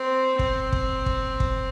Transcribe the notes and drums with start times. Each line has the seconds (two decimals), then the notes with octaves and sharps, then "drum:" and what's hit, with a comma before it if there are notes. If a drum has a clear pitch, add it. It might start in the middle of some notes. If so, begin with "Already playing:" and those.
Already playing: C4
0.39 C4, drum: kick
0.73 drum: kick
1.06 drum: kick
1.40 drum: kick